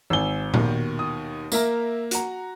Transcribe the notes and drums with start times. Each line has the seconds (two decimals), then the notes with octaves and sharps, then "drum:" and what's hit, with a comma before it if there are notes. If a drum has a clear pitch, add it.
0.10 G#1 G#5 E6 G7
0.54 D#2 B2 D#3, drum: tom A#2
0.99 D#6
1.52 A#3 A#4 E5 A#5, drum: tambourine
2.11 F#4 A#5, drum: hi-hat